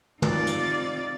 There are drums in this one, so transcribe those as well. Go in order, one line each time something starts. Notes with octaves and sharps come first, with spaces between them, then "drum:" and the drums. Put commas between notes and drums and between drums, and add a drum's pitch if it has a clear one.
C3 D#4 F4 D5 A6, drum: tom
drum: hi-hat